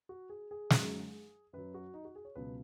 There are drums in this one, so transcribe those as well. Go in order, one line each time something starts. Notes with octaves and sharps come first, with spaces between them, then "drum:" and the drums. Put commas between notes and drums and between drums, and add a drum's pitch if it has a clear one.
F#4
G#4
G#4
F#2 F#3, drum: snare
F#2 F#3 B4
F#4
D#4
F#4
G#4
C#5
C#2 B2 F#3 B4